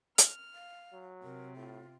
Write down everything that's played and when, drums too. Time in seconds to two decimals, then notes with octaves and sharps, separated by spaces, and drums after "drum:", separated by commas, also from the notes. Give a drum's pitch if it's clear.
0.18 F6, drum: hi-hat
0.54 F5
0.93 F#3
1.23 C3 A#4
1.56 A2 F4